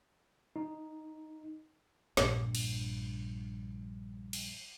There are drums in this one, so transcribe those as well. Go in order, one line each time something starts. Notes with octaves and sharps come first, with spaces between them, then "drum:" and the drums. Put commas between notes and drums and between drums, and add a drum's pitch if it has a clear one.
D#4
A#1 G2, drum: snare
drum: cymbal
drum: cymbal